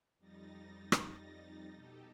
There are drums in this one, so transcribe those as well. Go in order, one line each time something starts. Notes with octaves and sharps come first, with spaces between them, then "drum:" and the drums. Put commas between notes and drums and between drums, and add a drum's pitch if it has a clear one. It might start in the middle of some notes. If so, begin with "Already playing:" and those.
F2 G3 D#4 A6 A#6
drum: rim click
B2 D#4 G4 A4